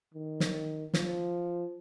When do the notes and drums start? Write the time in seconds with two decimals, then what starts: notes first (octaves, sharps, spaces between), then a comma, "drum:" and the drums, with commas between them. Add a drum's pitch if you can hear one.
0.14 D#3
0.40 drum: snare
0.94 F3, drum: snare